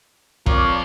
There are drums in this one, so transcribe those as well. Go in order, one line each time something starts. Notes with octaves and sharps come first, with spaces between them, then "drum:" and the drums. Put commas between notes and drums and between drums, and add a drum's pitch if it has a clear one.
C4 F4 A#4 C#5 D5, drum: kick